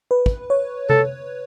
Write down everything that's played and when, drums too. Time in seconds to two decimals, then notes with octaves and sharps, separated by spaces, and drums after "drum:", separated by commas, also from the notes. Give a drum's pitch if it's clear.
0.11 B4
0.26 drum: kick
0.50 C#5
0.90 A4, drum: tom C3